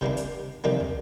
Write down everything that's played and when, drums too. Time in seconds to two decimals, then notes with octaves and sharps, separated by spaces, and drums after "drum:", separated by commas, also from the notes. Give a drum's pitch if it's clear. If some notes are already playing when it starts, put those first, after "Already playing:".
0.01 C3 D#3 G3 A#3 D4, drum: kick
0.17 drum: hi-hat
0.64 C3 D#3 G3 A#3 D4
0.80 drum: tom